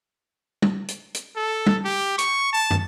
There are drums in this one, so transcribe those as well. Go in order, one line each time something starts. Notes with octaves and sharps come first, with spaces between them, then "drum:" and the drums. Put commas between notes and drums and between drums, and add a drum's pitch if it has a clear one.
drum: tom
drum: hi-hat
drum: hi-hat
A4
drum: tom
G4
C#6, drum: hi-hat
A5
drum: tom